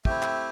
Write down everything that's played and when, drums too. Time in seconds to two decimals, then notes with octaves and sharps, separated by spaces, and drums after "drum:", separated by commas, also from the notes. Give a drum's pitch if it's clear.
0.05 A3 C4 E4 G4, drum: kick
0.23 drum: clap